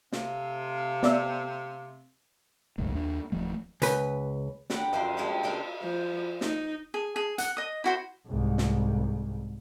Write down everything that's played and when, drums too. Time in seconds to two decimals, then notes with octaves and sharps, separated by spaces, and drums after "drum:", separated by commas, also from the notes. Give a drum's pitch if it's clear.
0.12 C3 A3 C4 F5, drum: snare
1.03 B3 D5 E5, drum: snare
2.78 G#1 C#2 F#2 A2
2.93 D#2 D4
3.32 D1 F3 A3
3.82 C#2 B4, drum: hi-hat
4.70 D3 G4 B4 D5 F#5 A#5, drum: snare
4.93 F#2 F3 D4 C5 C6, drum: cymbal
5.17 G3 G#3 A#3 E4 A4 F#5
5.43 C#3 A#3 C4 D4 D#4 A#4
5.83 F3
6.41 D#4, drum: snare
6.94 G#4
7.16 G#4
7.38 F#5, drum: hi-hat
7.57 D#5 D#6
7.84 E4 F#4 C5
8.27 C2 G#2
8.58 drum: snare